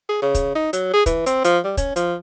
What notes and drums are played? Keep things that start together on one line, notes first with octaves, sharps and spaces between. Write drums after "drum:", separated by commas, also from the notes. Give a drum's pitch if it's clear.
G#4
C#3
drum: kick, hi-hat
D#4
F#3, drum: hi-hat
G#4
E3, drum: kick, hi-hat
C4, drum: hi-hat
F3, drum: hi-hat
G3
C#4, drum: kick, hi-hat
F3, drum: hi-hat